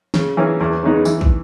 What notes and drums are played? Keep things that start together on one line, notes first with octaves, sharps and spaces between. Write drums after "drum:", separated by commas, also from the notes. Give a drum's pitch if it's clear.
C#3, drum: snare
E3 A#3 C#4 G#4
E2
C#3 G#3 B3 D#4
E3, drum: tambourine
drum: kick